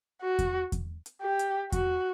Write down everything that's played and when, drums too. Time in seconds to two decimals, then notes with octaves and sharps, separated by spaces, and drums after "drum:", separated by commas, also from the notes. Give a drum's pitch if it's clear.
0.22 F#4
0.39 drum: kick E2, hi-hat
0.72 drum: kick E2, hi-hat
1.06 drum: hi-hat
1.22 G4
1.39 drum: hi-hat
1.72 F#4, drum: kick E2, hi-hat